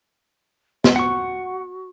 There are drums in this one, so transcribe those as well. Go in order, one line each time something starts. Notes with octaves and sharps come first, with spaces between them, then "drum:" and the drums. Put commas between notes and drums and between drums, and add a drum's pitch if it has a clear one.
D#5, drum: snare
F#4 F#5 C#6